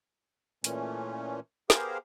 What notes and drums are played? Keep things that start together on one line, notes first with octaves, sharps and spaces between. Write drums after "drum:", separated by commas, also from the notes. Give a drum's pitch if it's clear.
A#2 E3 A3 C#4, drum: hi-hat
B3 G4 G#4 A#4 C5 F5, drum: snare